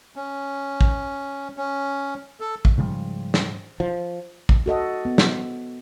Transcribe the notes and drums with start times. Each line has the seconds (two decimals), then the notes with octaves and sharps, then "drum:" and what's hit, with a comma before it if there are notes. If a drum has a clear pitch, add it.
0.16 C#4
0.81 drum: kick
1.57 C#4
2.40 A4
2.65 drum: kick
2.78 G#2 C#3 F3 G3
3.34 drum: snare
3.80 F3
4.49 drum: kick
4.66 F#4 A4 D#5 F#5
5.05 B3
5.18 drum: snare